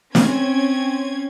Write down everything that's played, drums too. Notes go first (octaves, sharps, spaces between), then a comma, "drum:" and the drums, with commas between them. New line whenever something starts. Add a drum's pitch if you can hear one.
C4 C#4 G#6, drum: snare